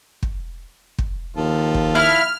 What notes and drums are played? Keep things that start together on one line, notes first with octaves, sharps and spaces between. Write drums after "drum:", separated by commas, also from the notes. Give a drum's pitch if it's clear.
drum: kick
drum: kick
D#2 F3 F4 A4
drum: kick
E4 F5 F6